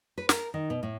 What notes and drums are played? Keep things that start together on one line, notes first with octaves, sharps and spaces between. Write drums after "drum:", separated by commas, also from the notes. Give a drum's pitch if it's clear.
B4
A#4, drum: snare
D#3
B2
A2